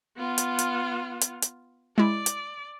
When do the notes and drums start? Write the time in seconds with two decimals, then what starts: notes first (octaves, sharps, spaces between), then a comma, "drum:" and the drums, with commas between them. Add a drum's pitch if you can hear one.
0.17 B3 F4
0.38 drum: hi-hat
0.59 drum: hi-hat
1.21 drum: hi-hat
1.42 drum: hi-hat
1.98 G#3 E4 D5
2.26 drum: hi-hat